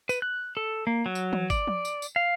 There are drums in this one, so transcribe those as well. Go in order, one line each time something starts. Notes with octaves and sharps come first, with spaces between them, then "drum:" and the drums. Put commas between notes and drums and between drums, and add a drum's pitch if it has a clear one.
B4, drum: tambourine
F#6
A4
A#3
F#3
drum: tambourine
drum: tom E3
D5, drum: kick G#1, tambourine
drum: tom F3
drum: tambourine
drum: tambourine
F5